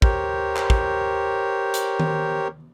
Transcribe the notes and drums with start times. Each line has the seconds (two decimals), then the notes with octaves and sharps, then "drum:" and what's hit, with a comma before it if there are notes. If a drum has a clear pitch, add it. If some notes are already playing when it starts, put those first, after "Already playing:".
0.02 G4 A#4 C5 C#5, drum: kick
0.56 drum: clap
0.70 drum: kick
1.74 drum: hi-hat
2.00 drum: tom D#3